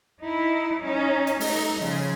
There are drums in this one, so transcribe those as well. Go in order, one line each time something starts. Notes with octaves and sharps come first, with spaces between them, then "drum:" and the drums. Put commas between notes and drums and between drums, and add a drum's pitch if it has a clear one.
D#4 E4
C#4 D#4
drum: hi-hat
A3 D#4, drum: open hi-hat
C#3 F3